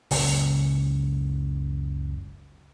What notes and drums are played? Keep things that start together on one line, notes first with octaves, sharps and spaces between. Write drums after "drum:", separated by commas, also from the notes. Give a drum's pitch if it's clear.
F#1 C#2 F#2, drum: open hi-hat